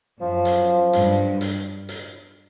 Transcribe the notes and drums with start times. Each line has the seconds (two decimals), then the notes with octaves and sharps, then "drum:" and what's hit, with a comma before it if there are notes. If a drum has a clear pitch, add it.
0.21 F#2 F3
0.45 drum: hi-hat
0.93 G2, drum: hi-hat
1.41 drum: hi-hat
1.89 drum: hi-hat